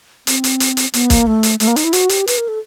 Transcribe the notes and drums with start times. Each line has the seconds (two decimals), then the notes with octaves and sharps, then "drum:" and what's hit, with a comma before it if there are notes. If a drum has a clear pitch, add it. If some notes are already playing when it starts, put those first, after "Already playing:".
0.27 C4, drum: hi-hat
0.44 drum: hi-hat
0.60 drum: hi-hat
0.77 drum: hi-hat
0.94 B3, drum: hi-hat
1.10 A#3, drum: kick, hi-hat
1.27 A3
1.43 drum: hi-hat
1.60 A3, drum: hi-hat
1.67 A#3
1.76 D#4, drum: hi-hat
1.84 E4
1.93 F#4, drum: hi-hat
2.09 G4, drum: hi-hat
2.27 B4, drum: hi-hat
2.38 A#4
2.48 A4